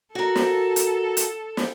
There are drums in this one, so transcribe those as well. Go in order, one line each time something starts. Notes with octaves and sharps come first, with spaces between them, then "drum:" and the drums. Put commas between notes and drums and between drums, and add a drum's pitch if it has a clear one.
F#4 A4 A#4
drum: snare
drum: hi-hat
drum: hi-hat
drum: snare